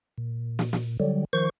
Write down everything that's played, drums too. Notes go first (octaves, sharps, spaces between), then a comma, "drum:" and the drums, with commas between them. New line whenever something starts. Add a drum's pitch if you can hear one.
A#2
drum: snare
drum: snare
D3 F#3 G3
D#3 F3 C5 C#6